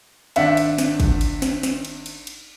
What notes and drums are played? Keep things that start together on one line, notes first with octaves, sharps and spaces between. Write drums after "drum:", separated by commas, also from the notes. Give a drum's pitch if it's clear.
G#1 D4 E5 F#5, drum: cymbal
drum: cymbal
drum: snare
drum: kick, cymbal
drum: cymbal
drum: snare
drum: snare
drum: cymbal
drum: cymbal
drum: cymbal